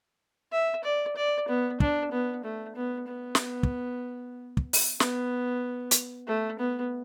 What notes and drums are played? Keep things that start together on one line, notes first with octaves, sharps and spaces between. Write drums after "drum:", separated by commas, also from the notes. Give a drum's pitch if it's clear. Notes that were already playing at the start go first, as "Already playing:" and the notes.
E5
D5
D5
B3
D4, drum: kick
B3
A3
B3
B3
drum: snare
drum: kick
drum: kick
drum: open hi-hat
B3, drum: snare
drum: hi-hat
A3
B3